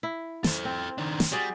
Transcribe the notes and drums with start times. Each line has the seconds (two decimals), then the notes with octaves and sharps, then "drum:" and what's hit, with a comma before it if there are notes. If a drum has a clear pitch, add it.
0.03 E4
0.44 A4 C5, drum: snare
0.65 C4
0.98 D#3 D4
1.20 drum: snare
1.32 G3 F#4 G#4 D5